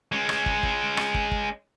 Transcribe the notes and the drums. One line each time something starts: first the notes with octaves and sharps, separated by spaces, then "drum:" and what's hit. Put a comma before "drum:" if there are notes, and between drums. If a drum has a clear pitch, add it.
G#3 C#4
drum: rim click
drum: kick
drum: kick
drum: rim click
drum: kick
drum: kick